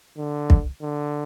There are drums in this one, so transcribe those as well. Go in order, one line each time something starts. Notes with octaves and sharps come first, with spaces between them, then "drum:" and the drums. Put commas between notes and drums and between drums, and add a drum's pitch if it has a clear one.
D3
drum: kick
D3